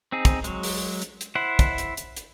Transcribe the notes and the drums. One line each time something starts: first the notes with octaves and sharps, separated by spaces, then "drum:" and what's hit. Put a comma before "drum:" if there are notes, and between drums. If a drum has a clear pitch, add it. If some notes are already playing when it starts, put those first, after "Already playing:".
C4 D#4 G#4
drum: kick, hi-hat
F#3 G#3, drum: hi-hat
drum: open hi-hat
drum: hi-hat
drum: hi-hat
E4 C5 F#5
drum: kick, hi-hat
drum: hi-hat
drum: hi-hat
drum: hi-hat